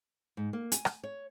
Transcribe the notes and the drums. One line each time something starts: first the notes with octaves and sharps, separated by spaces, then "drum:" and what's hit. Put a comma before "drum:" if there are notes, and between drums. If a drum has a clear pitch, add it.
G#2
A#3
G#5, drum: hi-hat
drum: rim click
C#5